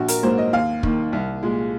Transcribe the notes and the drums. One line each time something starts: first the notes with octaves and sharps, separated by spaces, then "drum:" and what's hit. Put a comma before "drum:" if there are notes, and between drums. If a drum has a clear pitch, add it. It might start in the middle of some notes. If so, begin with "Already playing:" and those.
Already playing: A#1 F#4
A#4, drum: hi-hat
G#2 F#3 A#3 C5
D#5
D#2 F5
D#3 A#3, drum: kick
C2
A#2 G#3